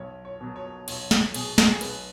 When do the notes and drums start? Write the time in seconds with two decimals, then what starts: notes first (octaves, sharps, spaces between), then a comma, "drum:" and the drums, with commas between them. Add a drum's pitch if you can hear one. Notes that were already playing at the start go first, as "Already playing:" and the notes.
Already playing: B1 C#5
0.25 C#5
0.41 B2 F#3
0.56 C#5
0.88 B1 C#5, drum: cymbal
1.11 drum: snare
1.34 B2 F#3 G#4, drum: cymbal
1.58 drum: snare
1.71 G#4
1.81 B1 B4, drum: cymbal